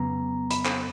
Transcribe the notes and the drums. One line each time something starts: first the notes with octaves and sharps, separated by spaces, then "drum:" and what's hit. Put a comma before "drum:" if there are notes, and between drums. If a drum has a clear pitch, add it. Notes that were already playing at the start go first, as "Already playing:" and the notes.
Already playing: F2 C#3 F#3 B3 A#5
B5, drum: hi-hat
drum: clap